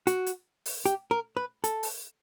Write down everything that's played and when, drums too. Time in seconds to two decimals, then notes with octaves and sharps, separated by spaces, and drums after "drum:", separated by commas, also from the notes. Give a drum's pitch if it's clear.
0.07 F#4, drum: hi-hat
0.26 drum: hi-hat
0.66 drum: open hi-hat
0.85 G4, drum: hi-hat
1.11 A#4
1.37 B4
1.64 A4, drum: hi-hat
1.83 drum: open hi-hat